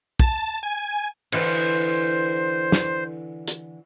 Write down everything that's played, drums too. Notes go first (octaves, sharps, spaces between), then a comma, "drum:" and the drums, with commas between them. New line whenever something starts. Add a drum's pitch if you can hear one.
A5, drum: kick
G#5
D3 E3 C5, drum: cymbal
drum: snare
drum: hi-hat